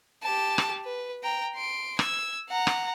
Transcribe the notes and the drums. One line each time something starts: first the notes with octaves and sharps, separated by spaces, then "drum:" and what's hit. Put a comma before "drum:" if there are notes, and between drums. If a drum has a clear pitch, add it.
G4 A5
drum: rim click
B4
G5 A#5
C6 D7
E6 G#6, drum: rim click
F#5 A#5
drum: rim click